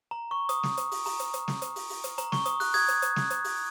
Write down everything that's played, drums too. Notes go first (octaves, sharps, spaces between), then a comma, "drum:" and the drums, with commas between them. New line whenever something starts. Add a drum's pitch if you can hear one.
A#5
C#6
D#6, drum: hi-hat
drum: snare
drum: hi-hat
drum: open hi-hat
A#5, drum: open hi-hat
drum: hi-hat
drum: hi-hat
drum: snare
drum: hi-hat
drum: open hi-hat
drum: open hi-hat
drum: hi-hat
A#5, drum: hi-hat
C#6, drum: snare
D#6, drum: hi-hat
F#6, drum: open hi-hat
D#6 G#6, drum: open hi-hat
drum: hi-hat
drum: hi-hat
drum: snare
drum: hi-hat
drum: open hi-hat